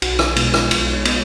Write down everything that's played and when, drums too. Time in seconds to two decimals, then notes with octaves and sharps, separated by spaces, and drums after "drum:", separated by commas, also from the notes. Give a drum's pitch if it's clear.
0.02 B1 F#4, drum: cymbal
0.19 F4, drum: rim click
0.36 B2 G#3 B3 F4, drum: cymbal
0.54 D#4, drum: rim click
0.71 B1, drum: cymbal
0.93 C#5
1.05 G#3 B3, drum: cymbal